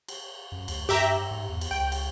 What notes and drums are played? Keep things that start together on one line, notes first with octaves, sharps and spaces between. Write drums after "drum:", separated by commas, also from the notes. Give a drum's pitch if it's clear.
drum: cymbal
F#2
D2, drum: cymbal
G2 G4 E5 A#5
drum: cymbal
G#2
E2
drum: cymbal
C#2 G5
drum: cymbal